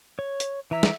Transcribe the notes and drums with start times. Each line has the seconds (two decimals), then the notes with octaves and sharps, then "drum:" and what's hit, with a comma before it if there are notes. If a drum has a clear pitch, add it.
0.19 C#5
0.40 drum: hi-hat
0.71 E3 E5 A#5
0.83 drum: snare